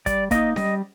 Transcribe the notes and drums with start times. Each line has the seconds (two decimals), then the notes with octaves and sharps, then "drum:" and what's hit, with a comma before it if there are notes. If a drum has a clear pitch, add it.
0.06 G3 D5, drum: kick, hi-hat
0.31 A#3 D#4 D#5, drum: kick, hi-hat
0.56 G3 D#5, drum: snare C#4